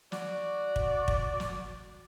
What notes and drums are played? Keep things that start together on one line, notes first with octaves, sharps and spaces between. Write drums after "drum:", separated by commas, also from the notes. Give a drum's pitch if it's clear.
F#4 D5, drum: snare
drum: kick
drum: kick
drum: snare